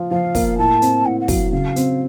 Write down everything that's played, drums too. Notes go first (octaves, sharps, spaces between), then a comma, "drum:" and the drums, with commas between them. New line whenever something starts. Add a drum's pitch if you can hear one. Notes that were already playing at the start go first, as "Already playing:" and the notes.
Already playing: F3 F4
F3 F5
A#3, drum: kick, open hi-hat
A2 A5
C4, drum: hi-hat
A2 F#5
F#5
F#3 F5, drum: kick, open hi-hat
C#3 F5
C4, drum: hi-hat